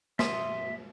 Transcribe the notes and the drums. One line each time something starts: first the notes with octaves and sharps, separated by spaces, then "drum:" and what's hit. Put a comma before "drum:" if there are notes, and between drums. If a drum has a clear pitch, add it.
E5 C6 D#6, drum: snare